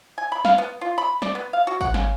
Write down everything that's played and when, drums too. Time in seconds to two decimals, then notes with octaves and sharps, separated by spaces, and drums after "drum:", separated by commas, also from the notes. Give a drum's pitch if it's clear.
0.18 G#5
0.32 B5
0.45 F5, drum: snare
0.58 B3
0.81 F4
0.98 B5
1.22 D5, drum: snare
1.35 B3
1.53 F5
1.67 F#4
1.81 F#5, drum: kick, tambourine
1.94 C#3, drum: snare